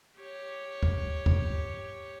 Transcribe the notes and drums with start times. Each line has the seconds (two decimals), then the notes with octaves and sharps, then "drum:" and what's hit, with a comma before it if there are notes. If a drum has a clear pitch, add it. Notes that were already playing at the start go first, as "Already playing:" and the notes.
0.17 G4 C#5
0.83 drum: kick
1.26 drum: kick